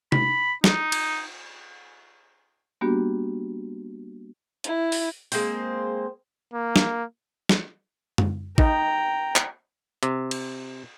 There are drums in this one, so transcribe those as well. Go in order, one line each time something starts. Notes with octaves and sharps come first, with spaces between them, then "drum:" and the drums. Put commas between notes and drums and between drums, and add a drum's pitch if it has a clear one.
B5, drum: tom C3
D#4, drum: snare
drum: cymbal
G3 A#3 B3 D4 F#4 G4
E4, drum: hi-hat
drum: open hi-hat
G#3 A#3 C4 C5, drum: open hi-hat
A#3
drum: snare
drum: snare
drum: tom F#2
D#4 G5 A#5, drum: kick
drum: clap
C3, drum: hi-hat
drum: cymbal